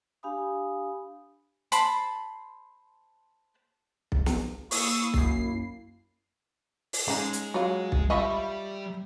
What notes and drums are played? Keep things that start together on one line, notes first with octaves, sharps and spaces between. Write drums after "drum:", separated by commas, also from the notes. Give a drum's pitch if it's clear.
D4 G4 F5 G#5 B5 D#6
C5 A5 B5 C6, drum: hi-hat
drum: kick B1
drum: snare
A#3 E4 C#6 D#6 E6, drum: open hi-hat
F#2 C7, drum: kick B1
drum: open hi-hat
G#3 C#4 D#4
drum: hi-hat
F#3 F4 C#5
drum: kick B1
G3 F4 D#5 E5 B5 C#6